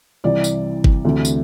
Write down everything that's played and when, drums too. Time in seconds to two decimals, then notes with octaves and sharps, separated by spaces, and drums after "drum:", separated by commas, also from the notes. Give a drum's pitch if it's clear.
0.24 C2 C3 E3 D5
0.44 drum: tambourine
0.84 drum: kick G1
1.05 D2 C3 E3
1.25 drum: tambourine